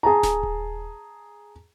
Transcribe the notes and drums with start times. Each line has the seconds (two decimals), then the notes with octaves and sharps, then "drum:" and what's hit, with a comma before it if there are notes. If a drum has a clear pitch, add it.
0.03 G#4 A5 A#5
0.23 drum: snare D1
0.43 drum: kick D#1